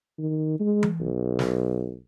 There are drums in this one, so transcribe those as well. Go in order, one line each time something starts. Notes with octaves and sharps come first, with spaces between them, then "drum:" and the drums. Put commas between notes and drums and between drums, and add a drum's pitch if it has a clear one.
D#3
G#3
drum: tom E3
B1
drum: snare